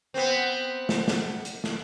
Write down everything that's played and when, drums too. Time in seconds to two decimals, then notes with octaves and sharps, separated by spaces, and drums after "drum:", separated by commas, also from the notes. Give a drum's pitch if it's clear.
0.14 B3 C4
0.89 drum: snare
1.08 drum: snare
1.45 drum: hi-hat
1.64 drum: snare